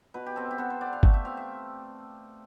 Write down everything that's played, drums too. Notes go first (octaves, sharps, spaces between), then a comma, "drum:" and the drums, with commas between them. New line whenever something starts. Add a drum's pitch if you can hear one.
B2 B4
G4
C4 A4
G4
B3 A4
C5
B3 D5
F5
A3 E5, drum: kick G1
E5
C4 F5
E5